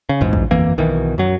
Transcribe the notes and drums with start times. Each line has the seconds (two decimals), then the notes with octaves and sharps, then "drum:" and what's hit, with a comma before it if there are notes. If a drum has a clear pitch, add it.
0.09 C#3
0.21 A#1 E2 G#2
0.33 drum: kick
0.51 G1 F2 E3 A#3
0.78 B1 B2 D#3 E3
1.18 F#2 F#3